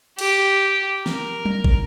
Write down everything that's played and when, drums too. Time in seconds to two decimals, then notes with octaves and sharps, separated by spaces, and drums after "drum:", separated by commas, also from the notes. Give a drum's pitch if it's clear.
0.19 G4, drum: cymbal
1.06 A#4, drum: snare
1.45 drum: tom F#3
1.64 drum: kick